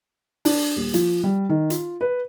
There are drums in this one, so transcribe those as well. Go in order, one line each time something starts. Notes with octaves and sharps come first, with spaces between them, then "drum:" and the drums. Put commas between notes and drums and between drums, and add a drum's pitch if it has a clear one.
D4, drum: open hi-hat
D#1
F3, drum: hi-hat
G3
D#3
F4, drum: hi-hat
B4